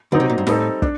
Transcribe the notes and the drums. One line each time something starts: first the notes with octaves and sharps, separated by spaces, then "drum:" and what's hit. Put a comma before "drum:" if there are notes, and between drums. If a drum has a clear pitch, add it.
D3 F#3 C4 D#4
C3
A#2
G2
A2 G3 C4 D#4 A4, drum: snare
D4, drum: kick